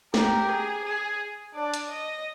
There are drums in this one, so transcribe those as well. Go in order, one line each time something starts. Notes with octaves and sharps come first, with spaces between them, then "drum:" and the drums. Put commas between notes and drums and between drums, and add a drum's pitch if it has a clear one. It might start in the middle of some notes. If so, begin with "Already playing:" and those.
G4 A#4, drum: snare
G#4
G#4
D4 D5
drum: hi-hat
D#5